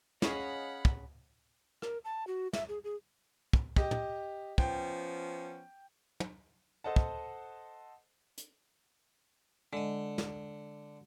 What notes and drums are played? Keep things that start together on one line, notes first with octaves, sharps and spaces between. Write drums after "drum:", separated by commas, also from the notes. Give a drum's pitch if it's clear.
C#4 G#4 C#5 D#5 F5 F#5 B5, drum: snare
drum: kick
A#4, drum: rim click
A5
F#4
E5, drum: snare
G#4
G#4
drum: kick
G4 D#5, drum: kick
drum: tom
F3 B3 C#4 G5, drum: kick
drum: tom
A4 C5 D#5 F#5 A5
drum: kick
drum: hi-hat
D3 G#3 D#5
drum: snare